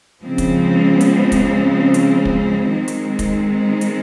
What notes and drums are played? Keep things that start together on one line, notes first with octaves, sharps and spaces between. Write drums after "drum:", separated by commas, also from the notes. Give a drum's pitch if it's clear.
C#3 F3 G#3 C4
drum: kick, hi-hat
drum: hi-hat
drum: kick, hi-hat
drum: hi-hat
drum: kick
D#3 G#3 C4
drum: hi-hat
drum: kick, hi-hat
drum: hi-hat